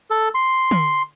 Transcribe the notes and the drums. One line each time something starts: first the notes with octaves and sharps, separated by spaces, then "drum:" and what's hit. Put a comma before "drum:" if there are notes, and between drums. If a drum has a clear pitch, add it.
A4
C6
drum: tom